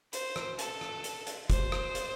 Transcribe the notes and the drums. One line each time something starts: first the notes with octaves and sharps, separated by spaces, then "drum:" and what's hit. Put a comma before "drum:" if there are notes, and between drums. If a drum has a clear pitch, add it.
C5, drum: hi-hat
drum: rim click
A4, drum: hi-hat
drum: rim click
drum: hi-hat
drum: hi-hat
C5, drum: kick, hi-hat
drum: rim click
drum: hi-hat